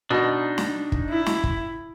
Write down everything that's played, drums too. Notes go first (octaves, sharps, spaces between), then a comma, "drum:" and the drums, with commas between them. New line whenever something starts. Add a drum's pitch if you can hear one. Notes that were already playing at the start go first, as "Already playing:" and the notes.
B2 D4 D#4
drum: snare
drum: kick
E4
drum: snare
drum: kick